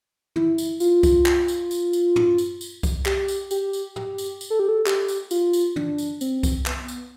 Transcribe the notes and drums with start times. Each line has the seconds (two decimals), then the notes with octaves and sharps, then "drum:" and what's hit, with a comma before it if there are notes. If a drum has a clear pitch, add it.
0.36 E4, drum: tom
0.58 drum: tambourine
0.80 F4, drum: tambourine
1.03 drum: kick C2, tambourine
1.26 drum: clap
1.48 drum: tambourine
1.71 drum: tambourine
1.93 drum: tambourine
2.16 drum: tom
2.38 drum: tambourine
2.61 drum: tambourine
2.83 drum: kick C2, tambourine
3.06 G4, drum: clap
3.28 drum: tambourine
3.51 G4, drum: tambourine
3.73 drum: tambourine
3.96 G4, drum: tom
4.18 drum: tambourine
4.41 drum: tambourine
4.50 A4
4.59 G4
4.69 A4
4.86 G4, drum: clap
5.08 drum: tambourine
5.31 F4, drum: tambourine
5.53 drum: tambourine
5.76 D4, drum: tom
5.98 drum: tambourine
6.21 C4, drum: tambourine
6.43 drum: kick C2, tambourine
6.66 B3, drum: clap
6.88 drum: tambourine